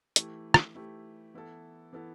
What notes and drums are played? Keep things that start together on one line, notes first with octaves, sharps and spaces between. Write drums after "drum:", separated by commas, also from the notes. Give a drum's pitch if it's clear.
E3 A3 E4 G4, drum: hi-hat
drum: rim click
E3 A3 E4 G4
E3 B3 E4 A4
E3 B3 E4 A4